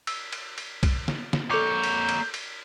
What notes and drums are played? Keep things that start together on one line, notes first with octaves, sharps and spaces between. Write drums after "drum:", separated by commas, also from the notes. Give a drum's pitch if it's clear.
E6, drum: cymbal
drum: cymbal
drum: cymbal
drum: kick B1, cymbal
drum: snare
drum: snare
A#3 A4 C#5 D6 G6
drum: cymbal
drum: cymbal
drum: cymbal